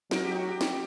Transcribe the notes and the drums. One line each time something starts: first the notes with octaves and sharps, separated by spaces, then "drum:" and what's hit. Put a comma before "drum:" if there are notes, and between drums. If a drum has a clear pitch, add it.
F#3 A#4, drum: snare
G4
D#4
F#4
G4
drum: snare